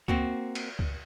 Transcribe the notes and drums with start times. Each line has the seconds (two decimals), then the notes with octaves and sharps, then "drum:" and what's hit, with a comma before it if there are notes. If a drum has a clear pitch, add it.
0.08 A#3 C4 F#4, drum: kick C#2
0.55 drum: cymbal
0.79 drum: kick C#2